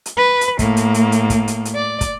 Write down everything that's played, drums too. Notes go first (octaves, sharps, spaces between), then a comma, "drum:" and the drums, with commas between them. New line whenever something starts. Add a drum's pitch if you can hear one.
drum: hi-hat
B4
drum: hi-hat
A2 A#3, drum: kick, hi-hat
drum: hi-hat
drum: hi-hat
drum: hi-hat
drum: kick, hi-hat
drum: hi-hat
drum: hi-hat
D5
drum: kick, hi-hat